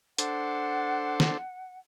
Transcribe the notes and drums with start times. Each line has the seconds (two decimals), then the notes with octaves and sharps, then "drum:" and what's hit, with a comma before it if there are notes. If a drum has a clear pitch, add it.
0.18 D4 A4 C5 F#5, drum: hi-hat
1.20 drum: snare